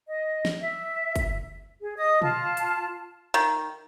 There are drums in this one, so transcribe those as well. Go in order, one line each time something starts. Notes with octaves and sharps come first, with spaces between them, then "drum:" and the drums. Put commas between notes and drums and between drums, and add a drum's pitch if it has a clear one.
D#5
drum: snare
E5
drum: kick, hi-hat
G#4
D#5 D#6
F4 A5, drum: tom
drum: hi-hat
D#3